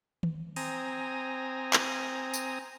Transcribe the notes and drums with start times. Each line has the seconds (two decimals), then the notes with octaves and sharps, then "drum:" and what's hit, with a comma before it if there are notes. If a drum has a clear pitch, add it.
0.23 drum: tom D#3
0.56 C4 G#5 A#5 D#6, drum: open hi-hat
1.73 drum: clap
2.34 drum: tambourine